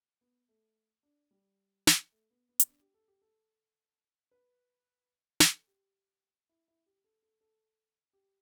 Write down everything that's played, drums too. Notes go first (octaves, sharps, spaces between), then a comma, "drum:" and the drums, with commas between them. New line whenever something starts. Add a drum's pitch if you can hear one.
B3
A3
D4
G3
drum: snare
A3
B3
B3
B3, drum: hi-hat
D4
G4
A4
G4
A4
B4
A4, drum: snare
G4
E4
E4
G4
A4
A4
A4
G4